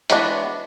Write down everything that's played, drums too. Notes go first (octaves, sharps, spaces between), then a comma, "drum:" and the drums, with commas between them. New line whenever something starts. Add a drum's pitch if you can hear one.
E3 G#3 B3 D4 F#4, drum: hi-hat